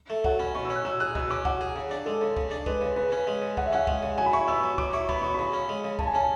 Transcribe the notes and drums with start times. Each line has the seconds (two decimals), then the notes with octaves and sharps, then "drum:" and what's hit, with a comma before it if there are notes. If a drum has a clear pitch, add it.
0.10 A3
0.24 F#3 F#5, drum: kick
0.39 C#4 B5
0.55 B2 C#6
0.65 E6
0.70 C#4
0.76 F#6
0.85 F#3 E6
1.00 G#4 F#6
1.15 B2 E6, drum: kick
1.31 C#4 D6
1.45 F#3 F#5, drum: kick
1.61 G#4
1.76 C#3
1.91 D4
2.06 G#3 A4
2.21 C#3
2.37 C#3, drum: kick
2.51 D4
2.66 G#3 B4, drum: kick
2.81 C#3
2.96 C#3 B4
3.12 C#4
3.27 G#3
3.42 C#3
3.57 C#3 F#5, drum: kick
3.66 E5
3.73 C#4 F#5
3.87 G#3, drum: kick
4.03 C#3
4.18 F#3 G#5
4.26 B5
4.33 E4 C#6
4.48 B3 E6
4.63 F#3
4.78 F#3 D6, drum: kick
4.93 E4 C#6
5.09 B3 B5, drum: kick
5.22 F#3 C#6
5.34 C#3 B5
5.53 C#4
5.69 G#3
5.84 C#3
5.99 C#3 A5, drum: kick
6.07 G#5
6.15 C#4 A5